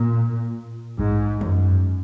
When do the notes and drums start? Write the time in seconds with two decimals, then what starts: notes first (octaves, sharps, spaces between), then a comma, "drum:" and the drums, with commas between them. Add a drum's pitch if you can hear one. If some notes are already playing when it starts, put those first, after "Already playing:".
Already playing: A#2
0.99 G#2, drum: kick A#1
1.41 F#2, drum: tom